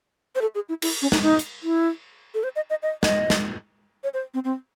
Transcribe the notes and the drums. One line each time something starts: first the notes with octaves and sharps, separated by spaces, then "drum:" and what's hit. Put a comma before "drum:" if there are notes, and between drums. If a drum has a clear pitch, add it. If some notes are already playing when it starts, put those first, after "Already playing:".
C5
A4
G#4
E4
E4, drum: cymbal
C#4
D#4, drum: snare
D#4
drum: hi-hat
E4
A4
C5
D#5
D#5
D#5
D#5, drum: snare
drum: snare
C#5
C5
C4
C4